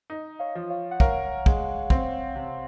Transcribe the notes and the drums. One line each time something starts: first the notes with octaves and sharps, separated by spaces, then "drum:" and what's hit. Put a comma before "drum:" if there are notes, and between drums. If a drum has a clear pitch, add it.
D#4
C#5 F5
F3
C#5 F5
F#5
A#4 C#5 F5, drum: kick
G#3, drum: kick
C4, drum: kick
C3